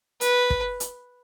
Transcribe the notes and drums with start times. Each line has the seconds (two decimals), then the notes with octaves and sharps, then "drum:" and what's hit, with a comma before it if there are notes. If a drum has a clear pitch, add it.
0.21 B4, drum: hi-hat
0.50 drum: kick
0.80 drum: hi-hat